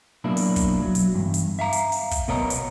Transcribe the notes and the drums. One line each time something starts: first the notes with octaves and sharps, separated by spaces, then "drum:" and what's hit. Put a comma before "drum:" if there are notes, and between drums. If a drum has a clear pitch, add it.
B2 F#3 A#3 D4 E4
drum: open hi-hat
drum: kick, hi-hat
F#3
drum: hi-hat
E2 G2
drum: hi-hat
E5 F5 A#5
drum: hi-hat
drum: open hi-hat
drum: kick, hi-hat
B2 B3 A#4 C#5 D#5 A#5
drum: hi-hat